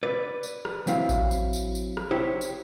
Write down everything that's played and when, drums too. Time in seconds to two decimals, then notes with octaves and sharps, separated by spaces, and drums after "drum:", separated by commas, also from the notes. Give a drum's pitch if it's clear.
0.03 B4 D5
0.43 drum: tambourine
0.65 drum: rim click
0.87 F#3 C4 E4 F5, drum: tambourine
1.09 drum: kick A1, tambourine
1.31 drum: tambourine
1.53 drum: tambourine
1.75 drum: tambourine
1.97 drum: rim click
2.11 E4 G4 C5 C#5
2.41 drum: tambourine